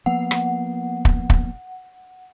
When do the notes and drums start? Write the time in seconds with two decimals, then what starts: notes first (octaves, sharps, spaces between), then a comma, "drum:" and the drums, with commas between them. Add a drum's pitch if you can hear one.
0.06 F3 A#3 B3 F#5
0.31 drum: rim click
1.05 drum: kick
1.30 drum: kick